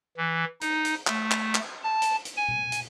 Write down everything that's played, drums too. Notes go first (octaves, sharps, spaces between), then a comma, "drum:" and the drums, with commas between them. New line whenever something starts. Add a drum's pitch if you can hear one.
E3
D#4, drum: hi-hat
drum: hi-hat
A3, drum: clap
drum: clap
drum: clap
A5
drum: hi-hat
drum: hi-hat
G#5
drum: tom B2
drum: hi-hat